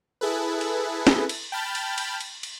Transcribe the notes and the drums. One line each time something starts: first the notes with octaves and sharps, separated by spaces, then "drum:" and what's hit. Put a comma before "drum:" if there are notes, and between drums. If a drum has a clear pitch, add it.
E4 G#4 A4 B4
drum: cymbal
drum: snare
drum: cymbal
G5 A5 B5 F6 G6 A6
drum: cymbal
drum: cymbal
drum: cymbal
drum: cymbal